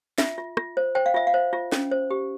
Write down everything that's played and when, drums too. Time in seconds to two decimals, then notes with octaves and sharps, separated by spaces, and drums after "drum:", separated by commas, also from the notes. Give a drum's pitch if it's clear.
0.18 F4 E5, drum: snare
0.38 F4
0.57 F4, drum: rim click
0.77 C5
0.95 C5 G5
1.06 F5
1.14 F4 E5
1.27 F5
1.34 C5
1.53 F4
1.72 C#4, drum: snare
1.91 C5
2.11 G4